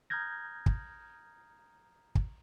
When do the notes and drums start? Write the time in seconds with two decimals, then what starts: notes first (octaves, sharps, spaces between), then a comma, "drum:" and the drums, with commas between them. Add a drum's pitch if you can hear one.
0.10 A#5 D#6 F6 G6 G#6 A#6
0.66 drum: kick
2.15 drum: kick